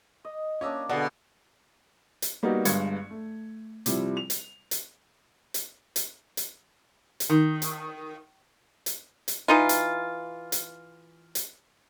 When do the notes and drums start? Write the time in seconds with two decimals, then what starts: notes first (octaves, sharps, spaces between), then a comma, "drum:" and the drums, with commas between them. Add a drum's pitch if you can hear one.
0.25 D#5
0.61 A#3 C#4 D4 D#5 E6
0.89 B2 D3 B3 G#4 D5 D#6
2.22 drum: hi-hat
2.43 G3 A#3 B3 D#4 F#4 G4
2.65 G1 G2 G#3 G#6 C#7, drum: hi-hat
3.10 A3
3.86 C3 F3 G3 E4, drum: hi-hat
4.17 F7
4.30 drum: hi-hat
4.71 drum: hi-hat
5.54 drum: hi-hat
5.96 drum: hi-hat
6.37 drum: hi-hat
7.20 drum: hi-hat
7.30 D#3
7.62 drum: hi-hat
8.86 drum: hi-hat
9.28 drum: hi-hat
9.48 E3 D#4 F4
9.69 drum: hi-hat
10.52 drum: hi-hat
11.35 drum: hi-hat